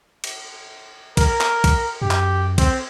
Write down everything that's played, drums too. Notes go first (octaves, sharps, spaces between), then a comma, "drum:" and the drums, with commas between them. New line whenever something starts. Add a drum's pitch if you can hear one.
drum: cymbal
A#4, drum: kick, cymbal
drum: clap
drum: kick, cymbal
F#2 G4
drum: clap
C4, drum: kick, cymbal